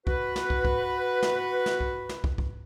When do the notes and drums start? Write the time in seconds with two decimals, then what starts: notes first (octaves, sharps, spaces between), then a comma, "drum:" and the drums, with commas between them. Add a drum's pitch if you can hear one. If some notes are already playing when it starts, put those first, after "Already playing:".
0.07 F#4 B4, drum: kick
0.36 drum: snare
0.50 drum: kick
0.65 drum: kick
1.23 drum: snare
1.66 drum: snare
1.80 drum: kick
2.09 drum: snare
2.24 drum: kick
2.38 drum: kick